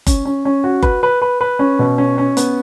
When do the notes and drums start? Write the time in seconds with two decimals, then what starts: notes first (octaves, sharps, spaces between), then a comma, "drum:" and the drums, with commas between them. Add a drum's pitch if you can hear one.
0.07 C#4, drum: kick F#1, hi-hat
0.25 C#4
0.45 C#4
0.64 F#4
0.83 B4, drum: kick F#1
1.03 B4
1.22 B4
1.41 B4
1.59 C#4
1.79 B2
1.98 C#4
2.18 C#4
2.37 B3, drum: hi-hat